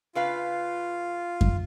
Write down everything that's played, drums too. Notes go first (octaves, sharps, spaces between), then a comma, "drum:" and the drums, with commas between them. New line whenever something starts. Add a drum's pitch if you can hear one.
C#3 F4 B4 F5
drum: kick F#2